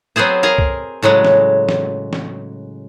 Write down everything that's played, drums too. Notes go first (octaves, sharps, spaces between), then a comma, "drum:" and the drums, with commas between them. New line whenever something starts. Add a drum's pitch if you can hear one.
F#3 B3 C4 G#4 C5
G#4 A#4 F5
drum: kick C2
A2 C#3 F#3 G#3
drum: snare
drum: snare
drum: snare